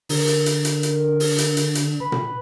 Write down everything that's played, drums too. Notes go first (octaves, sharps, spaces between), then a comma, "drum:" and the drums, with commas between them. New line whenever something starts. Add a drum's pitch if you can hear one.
D3 A#4, drum: open hi-hat
drum: hi-hat
drum: hi-hat
drum: hi-hat
drum: hi-hat
drum: open hi-hat
drum: hi-hat
drum: hi-hat
drum: hi-hat
B4 B5
drum: tom A#2